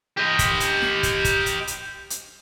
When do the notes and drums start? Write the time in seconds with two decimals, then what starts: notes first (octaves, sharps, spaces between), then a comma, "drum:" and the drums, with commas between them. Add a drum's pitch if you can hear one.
0.17 G4 D#5
0.39 drum: kick, hi-hat
0.60 drum: hi-hat
0.82 drum: snare
1.03 drum: kick, hi-hat
1.25 drum: kick, hi-hat
1.46 drum: hi-hat
1.67 drum: hi-hat
2.10 drum: hi-hat